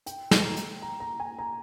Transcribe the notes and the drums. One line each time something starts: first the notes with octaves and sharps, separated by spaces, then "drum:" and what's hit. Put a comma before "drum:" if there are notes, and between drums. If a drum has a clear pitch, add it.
G5, drum: hi-hat
drum: snare
A#5
drum: hi-hat
A#5
A#5
G#5
A#5